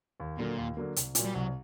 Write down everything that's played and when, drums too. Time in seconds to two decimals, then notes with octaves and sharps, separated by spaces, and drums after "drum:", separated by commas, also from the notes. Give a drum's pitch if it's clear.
0.20 D#2
0.38 A#2 D3 F#3 A#3
0.57 D#2
0.77 D3 F#3 A#3
0.96 C2, drum: hi-hat
1.15 A#2 F#3, drum: hi-hat
1.24 G3
1.34 C2 F#3